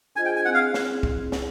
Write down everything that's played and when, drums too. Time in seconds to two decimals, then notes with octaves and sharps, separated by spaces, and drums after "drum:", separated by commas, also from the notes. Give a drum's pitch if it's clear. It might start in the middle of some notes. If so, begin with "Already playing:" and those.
0.16 D4 F4 G#4 C5 D#5 G#5
0.25 G5
0.36 G#5
0.45 C4 E4 G#4 F#5
0.54 F5
0.74 drum: snare
1.03 drum: kick
1.32 drum: snare